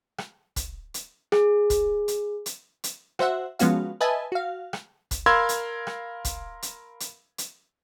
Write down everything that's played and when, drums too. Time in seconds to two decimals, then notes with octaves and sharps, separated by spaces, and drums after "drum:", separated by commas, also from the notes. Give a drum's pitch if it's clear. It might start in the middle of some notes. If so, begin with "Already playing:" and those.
0.18 drum: rim click
0.56 drum: kick, hi-hat
0.94 drum: hi-hat
1.32 G#4, drum: rim click
1.70 drum: kick, hi-hat
2.08 drum: hi-hat
2.46 drum: hi-hat
2.84 drum: hi-hat
3.19 F#4 C5 E5 F#5, drum: rim click
3.59 F3 G#3 B3 C#4 F#4 F5, drum: hi-hat
4.01 B4 D#5 E5 G#5 A5
4.32 F#4 F5
4.73 drum: rim click
5.11 drum: kick, hi-hat
5.26 A#4 F5 B5 C6 E6 G#6
5.49 drum: hi-hat
5.87 drum: rim click
6.25 drum: kick, hi-hat
6.62 drum: hi-hat
7.00 drum: hi-hat
7.38 drum: hi-hat